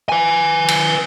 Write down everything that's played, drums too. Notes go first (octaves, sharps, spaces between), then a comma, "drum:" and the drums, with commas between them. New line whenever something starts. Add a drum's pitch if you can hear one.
B4 G#5
drum: cymbal